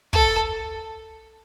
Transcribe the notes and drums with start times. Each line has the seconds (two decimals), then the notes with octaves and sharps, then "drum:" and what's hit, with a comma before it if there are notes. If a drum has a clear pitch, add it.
0.13 A4, drum: kick